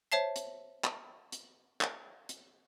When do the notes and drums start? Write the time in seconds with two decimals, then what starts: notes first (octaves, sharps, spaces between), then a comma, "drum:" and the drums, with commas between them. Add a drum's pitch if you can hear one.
0.12 C5 C#5 E5 A5 C7
0.36 drum: hi-hat
0.84 drum: clap
1.32 drum: hi-hat
1.81 drum: clap
2.29 drum: hi-hat